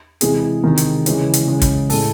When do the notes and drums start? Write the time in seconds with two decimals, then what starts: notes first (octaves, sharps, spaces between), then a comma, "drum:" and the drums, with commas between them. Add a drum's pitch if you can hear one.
0.21 C3 E3 G#3 G#4, drum: hi-hat
0.64 C3 D#3 G#3
0.77 drum: hi-hat
1.06 C#3 E3 G#3, drum: hi-hat
1.34 drum: hi-hat
1.47 C#3 G#3
1.62 drum: kick, hi-hat
1.90 A2 G#3 A4, drum: open hi-hat